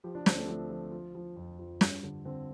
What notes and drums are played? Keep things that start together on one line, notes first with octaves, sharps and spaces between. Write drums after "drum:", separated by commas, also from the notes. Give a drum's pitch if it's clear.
F3 G4
D4
D2 C4, drum: snare
A3
F3 A3
F3
F3
F3
F2
F3
G2, drum: snare
D3
D3 C4